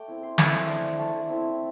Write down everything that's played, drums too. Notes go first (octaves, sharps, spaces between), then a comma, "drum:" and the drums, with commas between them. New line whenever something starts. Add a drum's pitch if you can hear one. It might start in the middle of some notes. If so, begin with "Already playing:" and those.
Already playing: A3 G5 D6
C4 E4
C6
A3 C6, drum: snare
D4
A3 A5
C4 E4